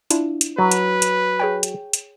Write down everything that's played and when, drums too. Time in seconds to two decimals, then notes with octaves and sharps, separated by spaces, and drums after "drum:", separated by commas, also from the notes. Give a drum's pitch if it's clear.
0.11 D4 E4 F4, drum: hi-hat
0.41 drum: hi-hat
0.58 F#3 B4
0.72 drum: hi-hat
1.02 drum: hi-hat
1.39 G#4 C#5 G5
1.63 drum: hi-hat
1.93 drum: hi-hat